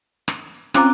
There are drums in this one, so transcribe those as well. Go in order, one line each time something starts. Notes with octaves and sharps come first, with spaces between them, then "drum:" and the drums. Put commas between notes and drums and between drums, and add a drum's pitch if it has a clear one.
drum: rim click
C4 C#4 F4 A#5 D6 F#6, drum: rim click